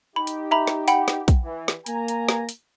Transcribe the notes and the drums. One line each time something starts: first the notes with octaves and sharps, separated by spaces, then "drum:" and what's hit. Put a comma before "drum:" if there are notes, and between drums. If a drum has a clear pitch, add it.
D#4 G4 B5
drum: hi-hat
E5 A#5 B5
drum: snare
F#5 G5 B5, drum: hi-hat
drum: snare
drum: kick, hi-hat
E3
drum: snare
A#3 G#5 A#5, drum: hi-hat
drum: hi-hat
drum: snare
drum: hi-hat